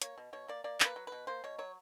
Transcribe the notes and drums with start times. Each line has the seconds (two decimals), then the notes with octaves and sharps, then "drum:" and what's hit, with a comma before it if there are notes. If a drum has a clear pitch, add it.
0.02 A#3 C#5, drum: hi-hat
0.18 B2
0.33 B2 C#5
0.48 A#3 D5
0.64 A#3 D5
0.80 A#3 B4, drum: clap
0.96 F#3
1.07 B2 B4
1.27 A#3 C5
1.44 B2 C#5
1.58 F#3 C#5